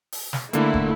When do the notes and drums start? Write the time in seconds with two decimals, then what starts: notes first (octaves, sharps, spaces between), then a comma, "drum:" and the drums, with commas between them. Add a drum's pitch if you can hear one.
0.12 drum: open hi-hat
0.33 drum: snare
0.53 D3 A3 A#3 E4, drum: hi-hat
0.74 drum: kick